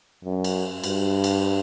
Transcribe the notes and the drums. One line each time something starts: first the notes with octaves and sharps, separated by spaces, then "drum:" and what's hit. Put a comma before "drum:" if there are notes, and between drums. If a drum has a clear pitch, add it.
F#2
drum: cymbal
G2, drum: cymbal
drum: cymbal